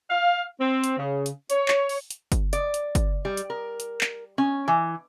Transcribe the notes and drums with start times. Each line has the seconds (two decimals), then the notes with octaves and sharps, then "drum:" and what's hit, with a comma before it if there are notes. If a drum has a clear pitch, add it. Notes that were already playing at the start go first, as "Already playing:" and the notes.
0.10 F5
0.61 C4
0.84 drum: hi-hat
0.98 C#3
1.26 drum: hi-hat
1.50 C#5, drum: hi-hat
1.68 drum: clap
1.89 drum: open hi-hat
2.10 drum: hi-hat
2.32 drum: kick, hi-hat
2.53 D5, drum: hi-hat
2.74 drum: hi-hat
2.95 drum: kick, hi-hat
3.25 G3
3.37 drum: hi-hat
3.50 A#4
3.80 drum: hi-hat
4.01 drum: clap
4.38 C#4
4.68 E3